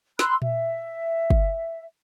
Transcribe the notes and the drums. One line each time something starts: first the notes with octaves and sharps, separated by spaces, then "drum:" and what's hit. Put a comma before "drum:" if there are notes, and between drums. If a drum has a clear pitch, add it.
B5 C6 E6 F#6, drum: snare
E5, drum: tom A#2
drum: kick